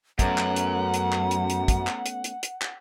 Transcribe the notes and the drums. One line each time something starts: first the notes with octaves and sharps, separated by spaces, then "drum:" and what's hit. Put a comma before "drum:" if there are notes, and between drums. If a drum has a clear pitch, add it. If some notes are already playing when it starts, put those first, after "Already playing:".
F#2 A3 B3 C#4 F#5 A#5, drum: kick, hi-hat
drum: clap
drum: hi-hat
drum: hi-hat
drum: clap
drum: hi-hat
drum: hi-hat
drum: kick, hi-hat
drum: clap
drum: hi-hat
drum: hi-hat
drum: hi-hat
drum: clap